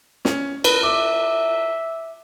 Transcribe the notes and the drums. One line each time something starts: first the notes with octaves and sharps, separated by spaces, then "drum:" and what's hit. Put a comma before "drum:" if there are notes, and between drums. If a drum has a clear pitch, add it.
C#4, drum: snare
A#4 B4, drum: cymbal
E5 D6